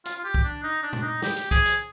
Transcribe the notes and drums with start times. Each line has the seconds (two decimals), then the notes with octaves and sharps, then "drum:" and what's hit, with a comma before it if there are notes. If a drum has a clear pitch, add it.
0.05 F4, drum: hi-hat
0.17 F4
0.25 G4
0.34 drum: kick
0.44 D4
0.64 D#4
0.83 D4
0.93 drum: tom
1.02 D#4
1.22 G4, drum: snare
1.36 drum: hi-hat
1.51 G#4, drum: kick, hi-hat
1.66 drum: hi-hat